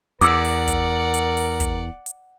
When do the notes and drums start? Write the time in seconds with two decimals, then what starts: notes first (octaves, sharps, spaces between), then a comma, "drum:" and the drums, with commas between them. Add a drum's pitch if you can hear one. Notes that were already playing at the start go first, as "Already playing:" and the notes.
0.21 E2 A#4 D5 F#5 D6 E6, drum: hi-hat
0.44 drum: open hi-hat
0.68 drum: kick, hi-hat
1.14 drum: hi-hat
1.37 drum: open hi-hat
1.60 drum: kick, hi-hat
2.06 drum: hi-hat